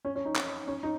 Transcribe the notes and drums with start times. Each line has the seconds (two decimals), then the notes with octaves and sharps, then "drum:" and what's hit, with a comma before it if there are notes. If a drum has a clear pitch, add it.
0.05 C#4
0.15 C#4
0.25 D#4
0.36 drum: clap
0.67 C#4
0.83 D#4